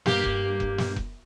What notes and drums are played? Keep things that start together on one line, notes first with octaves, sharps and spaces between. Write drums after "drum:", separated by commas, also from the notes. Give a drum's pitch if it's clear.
G2 A#3 G4, drum: snare
drum: kick F1
drum: kick F1
drum: snare
drum: kick F1